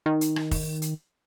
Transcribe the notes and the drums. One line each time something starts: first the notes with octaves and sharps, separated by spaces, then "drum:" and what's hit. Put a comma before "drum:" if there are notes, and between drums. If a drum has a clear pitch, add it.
D#3
drum: hi-hat
drum: rim click
drum: kick, open hi-hat
drum: hi-hat